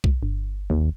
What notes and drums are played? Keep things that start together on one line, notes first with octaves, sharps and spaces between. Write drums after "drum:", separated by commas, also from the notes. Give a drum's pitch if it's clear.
drum: kick B1
G1
D#2